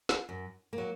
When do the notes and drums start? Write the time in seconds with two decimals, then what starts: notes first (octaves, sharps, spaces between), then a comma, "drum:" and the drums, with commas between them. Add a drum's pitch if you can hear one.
0.09 drum: snare
0.29 F#2
0.73 A#3
0.78 F#3